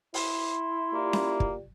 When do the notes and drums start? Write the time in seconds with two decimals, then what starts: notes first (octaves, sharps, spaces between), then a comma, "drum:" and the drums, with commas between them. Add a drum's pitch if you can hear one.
0.14 E4 C6, drum: open hi-hat
0.94 A#3 F4 G4 D5
1.13 drum: snare C#4
1.40 drum: kick